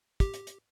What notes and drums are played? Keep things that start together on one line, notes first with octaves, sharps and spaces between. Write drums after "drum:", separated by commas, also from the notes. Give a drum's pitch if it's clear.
G4, drum: kick, hi-hat
drum: hi-hat
drum: hi-hat